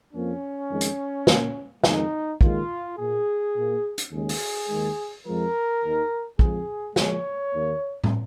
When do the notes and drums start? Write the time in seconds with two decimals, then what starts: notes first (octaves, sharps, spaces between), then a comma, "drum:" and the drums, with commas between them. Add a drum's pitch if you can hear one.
0.13 F2 F3 A#3 C#4
0.70 F2 D#3 G#3
0.81 drum: hi-hat
1.27 A#2 A#3, drum: snare
1.84 F2 D#3 G#3 D#4, drum: snare
2.41 D#2 D#3 G#3 F4, drum: kick A#1
2.97 A#2 A#3 G#4
3.55 A#2 A#3
3.98 drum: hi-hat
4.11 D#2 C#3 G#3 G#4
4.29 drum: open hi-hat
4.69 D#2 D#3 G#3
5.25 F2 F3 G#3 A#4
5.83 D#2 D#3 A#3
6.39 F2 F3 G#3 G#4, drum: kick A#1
6.96 A#2 F3 G#3 C#5, drum: snare
7.53 D#2 D#3 A#3
8.04 drum: tom